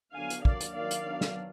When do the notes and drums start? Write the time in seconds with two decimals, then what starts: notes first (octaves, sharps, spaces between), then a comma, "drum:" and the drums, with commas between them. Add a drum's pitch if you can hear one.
0.15 D3 F#3 B3 D4 F5 G#5
0.30 drum: hi-hat
0.45 F#3 A#3 D4 D5 F5, drum: kick
0.61 drum: hi-hat
0.75 D#3 F#3 D4 D5 F5
0.91 drum: hi-hat
1.06 F#3 B3 D4
1.21 drum: snare